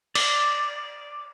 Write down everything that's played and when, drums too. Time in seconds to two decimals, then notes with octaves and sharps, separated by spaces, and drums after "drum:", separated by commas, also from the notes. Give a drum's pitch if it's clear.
0.15 D5, drum: cymbal